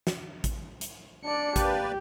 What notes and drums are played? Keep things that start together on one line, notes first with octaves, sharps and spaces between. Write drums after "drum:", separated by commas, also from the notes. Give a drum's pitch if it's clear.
drum: snare
drum: kick A1, hi-hat
drum: hi-hat
D4 D5 C#7
A#3 G4 B4 D5, drum: kick A1, hi-hat